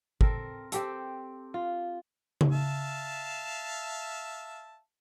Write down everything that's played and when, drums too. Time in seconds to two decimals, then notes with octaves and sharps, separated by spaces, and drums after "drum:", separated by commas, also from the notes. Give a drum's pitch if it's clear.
0.21 C4 A4 A#4, drum: kick
0.72 C4 G4 A4, drum: hi-hat
1.54 F4
2.41 drum: tom C#3
2.51 E5 F5 A5